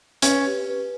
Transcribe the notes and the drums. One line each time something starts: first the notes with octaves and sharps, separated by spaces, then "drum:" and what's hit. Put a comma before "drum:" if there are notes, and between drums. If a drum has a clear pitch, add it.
C#4 B4, drum: hi-hat
G4
B4